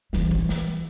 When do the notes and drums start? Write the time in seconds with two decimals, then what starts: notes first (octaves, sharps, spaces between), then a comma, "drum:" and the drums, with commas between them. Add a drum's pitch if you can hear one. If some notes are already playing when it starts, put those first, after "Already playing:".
0.13 E3 G3, drum: snare
0.31 drum: kick
0.49 drum: snare